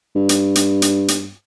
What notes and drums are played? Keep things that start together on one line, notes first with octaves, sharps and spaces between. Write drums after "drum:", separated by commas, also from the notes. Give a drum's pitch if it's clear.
G2
drum: hi-hat
drum: hi-hat
drum: hi-hat
drum: hi-hat